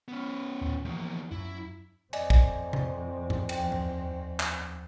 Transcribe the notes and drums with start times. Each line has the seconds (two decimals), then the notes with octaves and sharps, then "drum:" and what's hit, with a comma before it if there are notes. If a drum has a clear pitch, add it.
0.08 B3 C#4
0.61 D#2 A#2
0.85 E2 F3 G3 A#3
1.31 F#2 F#3 E4
2.13 F2 C4 D5 D#5 G#5, drum: cymbal
2.30 drum: kick
2.73 drum: tom C3
3.30 drum: tom G2
3.49 D#2 F3 G5, drum: cymbal
3.72 drum: tom G2
4.40 drum: clap